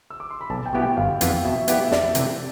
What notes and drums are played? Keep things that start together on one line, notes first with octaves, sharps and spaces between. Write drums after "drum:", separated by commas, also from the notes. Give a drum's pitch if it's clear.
E6
D6
C6
B5
B1 A5
G5
B2 B3 E4 G4
G5
G1 F5
F2 E3 B3 F4, drum: hi-hat
B2 E5
B3 E4 G4 D5, drum: hi-hat
E5
F2 D5, drum: snare
C3 E3 A3 C4, drum: hi-hat